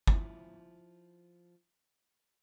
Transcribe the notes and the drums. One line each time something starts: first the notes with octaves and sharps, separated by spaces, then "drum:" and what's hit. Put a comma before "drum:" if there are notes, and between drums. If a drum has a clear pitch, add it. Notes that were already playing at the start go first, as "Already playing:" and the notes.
F3 E4, drum: kick